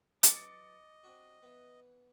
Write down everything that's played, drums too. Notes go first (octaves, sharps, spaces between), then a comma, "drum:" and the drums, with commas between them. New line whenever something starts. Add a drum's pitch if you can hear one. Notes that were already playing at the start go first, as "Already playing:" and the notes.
E3 F#3 D#5 D6 A6 C#7, drum: hi-hat
C3 D4 F#4
E3 B3